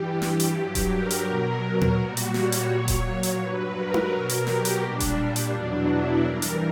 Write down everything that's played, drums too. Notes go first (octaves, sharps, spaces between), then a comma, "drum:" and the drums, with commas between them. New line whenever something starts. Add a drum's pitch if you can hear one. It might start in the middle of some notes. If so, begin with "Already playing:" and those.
Already playing: G2 E3 G3 G4
G4, drum: snare
drum: hi-hat
G2 F#3
drum: kick D#1, hi-hat
A#4
drum: hi-hat
B2 F#3
drum: tom A#2
A#2 G3 F#4
drum: hi-hat
C#5, drum: snare
drum: hi-hat
A#2 F#3
drum: kick D#1, hi-hat
drum: hi-hat
G2 F#3 B4
A#4
drum: tom D#4
B2 F#3
drum: hi-hat
G4, drum: snare
drum: hi-hat
A#2 G3 D4
drum: kick D#1, hi-hat
D4
drum: hi-hat
E2 B2 F#3
E4
G2 E3 G3 A#4
drum: hi-hat